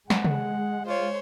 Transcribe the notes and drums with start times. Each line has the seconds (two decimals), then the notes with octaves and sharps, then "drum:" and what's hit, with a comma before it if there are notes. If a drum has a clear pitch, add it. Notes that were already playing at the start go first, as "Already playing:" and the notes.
0.10 G#3 F#5, drum: snare
0.25 drum: tom
0.86 F4 C5 C#5